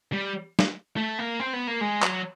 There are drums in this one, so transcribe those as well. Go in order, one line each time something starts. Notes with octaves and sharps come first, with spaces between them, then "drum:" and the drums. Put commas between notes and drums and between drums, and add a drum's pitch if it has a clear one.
G3
drum: snare
A3
A#3
C4
B3
A#3
G#3
F#3, drum: clap